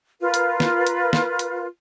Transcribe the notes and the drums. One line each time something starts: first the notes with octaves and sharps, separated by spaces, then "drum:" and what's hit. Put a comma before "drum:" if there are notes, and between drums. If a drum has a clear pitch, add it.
F4 A#4 B4
drum: hi-hat
drum: snare
drum: hi-hat
drum: snare
drum: hi-hat